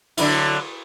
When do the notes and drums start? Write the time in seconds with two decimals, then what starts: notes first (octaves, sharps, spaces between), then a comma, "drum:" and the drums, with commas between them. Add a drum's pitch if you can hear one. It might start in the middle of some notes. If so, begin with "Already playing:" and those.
0.17 D3 F#3 E4, drum: cymbal